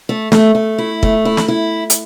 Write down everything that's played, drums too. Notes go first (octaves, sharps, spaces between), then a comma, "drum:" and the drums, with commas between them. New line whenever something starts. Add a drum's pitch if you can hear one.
A3
A3, drum: snare
A3
E4
A3, drum: kick
E4
drum: snare
E4
drum: hi-hat